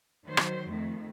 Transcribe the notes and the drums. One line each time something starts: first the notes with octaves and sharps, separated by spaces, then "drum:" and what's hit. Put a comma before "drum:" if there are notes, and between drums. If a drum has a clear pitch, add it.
D#3 F#3 C5
drum: rim click
F2 D#3 A3